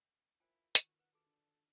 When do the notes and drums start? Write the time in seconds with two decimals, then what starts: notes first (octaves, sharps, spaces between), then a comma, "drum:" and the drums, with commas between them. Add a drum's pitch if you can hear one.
0.40 E4 F4 A#4 C5 G5 G#5
0.75 D#3 F#4, drum: hi-hat
0.99 B4 F#5
1.13 F#4 G#4 A4 B4
1.27 D4